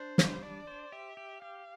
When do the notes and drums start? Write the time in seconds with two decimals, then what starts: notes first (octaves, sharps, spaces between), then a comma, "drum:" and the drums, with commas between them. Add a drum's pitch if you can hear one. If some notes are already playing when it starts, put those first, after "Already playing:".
Already playing: D4 C5
0.18 G3, drum: snare
0.42 D4 D5
0.67 C5
0.92 G4 E5
1.17 G4
1.42 G4 F5